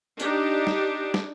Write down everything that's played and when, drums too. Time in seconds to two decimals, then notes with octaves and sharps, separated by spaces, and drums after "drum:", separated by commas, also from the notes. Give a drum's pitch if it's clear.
0.20 D4 D#4 G4, drum: tambourine
0.67 drum: snare
1.14 drum: snare